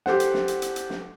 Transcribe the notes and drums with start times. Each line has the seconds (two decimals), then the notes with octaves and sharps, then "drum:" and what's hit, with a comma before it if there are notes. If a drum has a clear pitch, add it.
0.06 G4 A4 C5 F#5, drum: snare
0.20 drum: hi-hat
0.34 drum: snare
0.48 drum: hi-hat
0.62 drum: hi-hat
0.76 drum: hi-hat
0.90 drum: snare